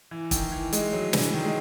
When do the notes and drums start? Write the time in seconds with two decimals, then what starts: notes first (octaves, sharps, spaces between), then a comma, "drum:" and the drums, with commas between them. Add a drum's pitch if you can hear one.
0.11 E3
0.31 D#3, drum: kick, hi-hat
0.52 E3
0.73 G#3, drum: hi-hat
0.93 F#3
1.13 E3, drum: snare
1.34 D#3
1.45 G#3